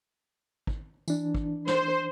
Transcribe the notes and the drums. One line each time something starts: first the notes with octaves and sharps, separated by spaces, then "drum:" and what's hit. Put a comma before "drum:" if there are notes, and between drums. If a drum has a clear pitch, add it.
drum: kick
E3 D4, drum: tambourine
drum: kick
C5, drum: snare